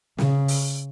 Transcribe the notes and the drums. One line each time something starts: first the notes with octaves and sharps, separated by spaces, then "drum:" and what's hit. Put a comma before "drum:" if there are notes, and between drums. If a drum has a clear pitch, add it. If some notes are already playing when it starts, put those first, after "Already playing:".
C#3, drum: snare
drum: open hi-hat